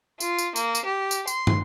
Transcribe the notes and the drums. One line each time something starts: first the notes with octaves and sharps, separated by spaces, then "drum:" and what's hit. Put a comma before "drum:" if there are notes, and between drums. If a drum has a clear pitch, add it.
F4, drum: tambourine
drum: tambourine
A#3, drum: tambourine
drum: tambourine
G4
drum: tambourine
C6, drum: tambourine
drum: tom